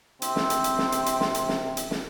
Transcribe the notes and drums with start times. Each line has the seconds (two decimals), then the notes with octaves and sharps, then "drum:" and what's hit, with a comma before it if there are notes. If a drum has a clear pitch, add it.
0.22 C3 C4, drum: hi-hat
0.36 drum: snare
0.50 drum: hi-hat
0.64 drum: hi-hat
0.78 drum: snare
0.92 drum: hi-hat
1.06 drum: hi-hat
1.20 drum: snare
1.35 drum: hi-hat
1.49 drum: snare
1.77 drum: hi-hat
1.91 drum: snare